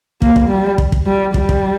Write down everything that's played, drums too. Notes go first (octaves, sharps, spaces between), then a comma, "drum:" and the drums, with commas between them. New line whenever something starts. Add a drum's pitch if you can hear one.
A#3, drum: kick
drum: kick
G3
drum: kick
drum: kick
G3
G3, drum: kick
drum: kick